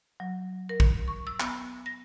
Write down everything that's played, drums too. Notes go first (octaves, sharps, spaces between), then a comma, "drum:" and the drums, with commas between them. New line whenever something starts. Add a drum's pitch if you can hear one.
F#3
A#4
drum: kick
C#6
E6
B3, drum: clap
A#6